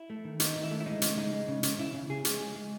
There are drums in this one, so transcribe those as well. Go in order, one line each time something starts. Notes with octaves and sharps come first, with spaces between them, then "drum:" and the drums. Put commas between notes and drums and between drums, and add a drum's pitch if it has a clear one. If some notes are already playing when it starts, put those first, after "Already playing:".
Already playing: E4
A3
D#3
A3 D#4, drum: hi-hat
D#3
E4
A3
E4
G#3 D#4
C#3, drum: hi-hat
G#3 D#4
G#3
C#3
C#3, drum: hi-hat
C#3 E4
C#3
C#3 G#4
G#3 G#4, drum: hi-hat
G#3
G#3